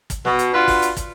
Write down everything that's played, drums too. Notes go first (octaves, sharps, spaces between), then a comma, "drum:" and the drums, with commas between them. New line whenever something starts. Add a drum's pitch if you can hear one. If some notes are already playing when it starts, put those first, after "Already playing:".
drum: kick, hi-hat
B2, drum: snare
drum: hi-hat
D4 F4 F#4 B4
drum: kick, open hi-hat
drum: hi-hat
drum: kick, hi-hat